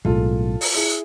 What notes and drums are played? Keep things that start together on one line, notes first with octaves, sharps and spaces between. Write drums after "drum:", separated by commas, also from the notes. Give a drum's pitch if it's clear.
B1 A2 G#3 F4 A4, drum: kick
drum: open hi-hat
E4 G#4